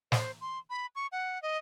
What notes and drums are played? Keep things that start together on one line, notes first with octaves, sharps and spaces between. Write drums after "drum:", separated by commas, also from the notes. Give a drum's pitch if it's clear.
C5, drum: snare
C6
B5
C#6
F#5
D#5